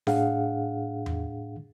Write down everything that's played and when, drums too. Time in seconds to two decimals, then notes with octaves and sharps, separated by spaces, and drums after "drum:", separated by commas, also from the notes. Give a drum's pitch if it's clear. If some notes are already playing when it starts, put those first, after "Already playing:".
0.07 A2 D4 G#4 F5 F#5, drum: snare D4
1.06 drum: tom E2